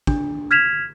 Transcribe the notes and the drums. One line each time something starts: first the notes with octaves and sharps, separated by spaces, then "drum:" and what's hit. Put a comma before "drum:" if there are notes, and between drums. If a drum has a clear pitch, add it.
D4, drum: kick
F6 G#6 B6 E7 F7